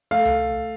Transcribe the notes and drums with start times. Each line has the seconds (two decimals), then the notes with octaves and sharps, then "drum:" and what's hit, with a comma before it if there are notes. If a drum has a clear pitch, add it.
0.11 A3 F5
0.25 drum: tom C#2